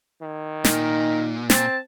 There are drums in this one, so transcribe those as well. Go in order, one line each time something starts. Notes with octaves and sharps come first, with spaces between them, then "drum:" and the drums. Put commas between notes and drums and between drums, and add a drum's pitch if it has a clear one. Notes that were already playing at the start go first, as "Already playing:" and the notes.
D#3 E4
A#2 D#4 A#4, drum: snare
C4 A5, drum: snare